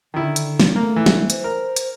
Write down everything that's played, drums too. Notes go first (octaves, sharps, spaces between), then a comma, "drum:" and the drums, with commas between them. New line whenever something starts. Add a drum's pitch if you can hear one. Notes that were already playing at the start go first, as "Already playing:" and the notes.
D3 D#3 E4
drum: hi-hat
drum: snare
A3 A#3
E3
drum: snare
C5, drum: hi-hat
A#4
drum: hi-hat